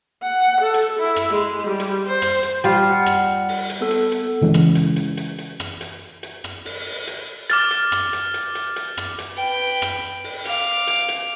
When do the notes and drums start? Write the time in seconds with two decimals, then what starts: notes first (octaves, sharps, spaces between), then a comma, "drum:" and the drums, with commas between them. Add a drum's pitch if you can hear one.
0.23 F#5
0.61 A4
0.74 drum: hi-hat
0.99 E4
1.16 drum: rim click
1.30 G#3
1.67 G3
1.80 drum: hi-hat
2.05 C5
2.22 drum: rim click
2.43 drum: hi-hat
2.64 G3 F4, drum: hi-hat
2.91 F#5
3.06 drum: rim click
3.48 drum: open hi-hat
3.70 drum: hi-hat
3.81 B3 A4
3.91 drum: hi-hat
4.12 drum: hi-hat
4.41 C#3 E3 G#3 C#4
4.54 drum: rim click
4.75 drum: hi-hat
4.96 drum: hi-hat
5.17 drum: hi-hat
5.38 drum: hi-hat
5.60 drum: rim click
5.81 drum: hi-hat
6.23 drum: hi-hat
6.44 drum: rim click
6.65 drum: open hi-hat
6.86 drum: open hi-hat
7.07 drum: hi-hat
7.50 D6 F6 A6, drum: hi-hat
7.71 drum: hi-hat
7.92 drum: rim click
8.13 drum: hi-hat
8.34 drum: hi-hat
8.55 drum: hi-hat
8.76 drum: hi-hat
8.97 drum: rim click
9.18 drum: hi-hat
9.36 B4 G5
9.82 drum: rim click
10.24 drum: open hi-hat
10.45 F5 D6, drum: hi-hat
10.87 drum: hi-hat
11.08 drum: hi-hat